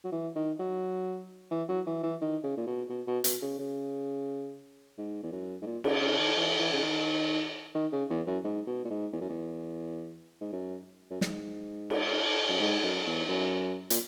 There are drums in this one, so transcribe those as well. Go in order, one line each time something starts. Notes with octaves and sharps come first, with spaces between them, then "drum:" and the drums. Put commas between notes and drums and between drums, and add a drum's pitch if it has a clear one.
F#3
E3
D#3
F#3
E3
F#3
E3
E3
D#3
C#3
A#2
B2
B2
B2
B2, drum: hi-hat
C#3
C#3
G#2
E2
F#2
G#2
A#2
C#3, drum: cymbal
C#3
C#3
D#3
E3
E3
C#3
D#3
D#3
C#3
E2
F#2
G#2
B2
A#2
G#2
E2
F#2
E2
G#2
F#2
F#2
G#2, drum: snare
drum: cymbal
F#2
G#2
F#2
E2
F#2
A#2, drum: hi-hat